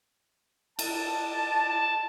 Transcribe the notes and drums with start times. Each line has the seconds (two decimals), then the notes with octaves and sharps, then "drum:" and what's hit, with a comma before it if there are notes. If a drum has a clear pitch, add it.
0.79 A5, drum: cymbal
1.69 A5